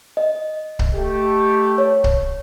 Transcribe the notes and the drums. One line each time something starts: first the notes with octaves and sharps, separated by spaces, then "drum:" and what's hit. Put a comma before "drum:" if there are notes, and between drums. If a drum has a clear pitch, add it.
D#5
drum: kick C#1
A3 G4
C#5
drum: kick C#1